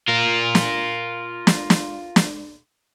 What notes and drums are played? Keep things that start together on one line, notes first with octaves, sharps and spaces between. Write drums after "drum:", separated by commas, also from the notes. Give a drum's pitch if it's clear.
F4 A#4
drum: snare
drum: snare
drum: snare
drum: snare